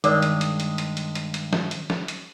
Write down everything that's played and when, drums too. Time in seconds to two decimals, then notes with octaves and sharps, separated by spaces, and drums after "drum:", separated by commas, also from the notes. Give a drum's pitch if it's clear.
0.04 G2 D#3 G#3 A#4 D5 D6, drum: hi-hat
0.22 drum: hi-hat
0.41 drum: hi-hat
0.60 drum: hi-hat
0.78 drum: hi-hat
0.97 drum: hi-hat
1.15 drum: hi-hat
1.34 drum: hi-hat
1.53 drum: snare
1.71 drum: hi-hat
1.90 drum: snare
2.08 drum: hi-hat